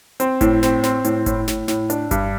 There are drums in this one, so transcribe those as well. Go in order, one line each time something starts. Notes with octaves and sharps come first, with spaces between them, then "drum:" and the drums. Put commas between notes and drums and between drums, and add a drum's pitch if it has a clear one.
C4, drum: hi-hat
A2, drum: kick G1, hi-hat
C4, drum: snare
C4, drum: snare
A2, drum: hi-hat
A2, drum: kick G1, hi-hat
A2, drum: snare
A2, drum: snare
D4, drum: hi-hat
G2, drum: kick G1, hi-hat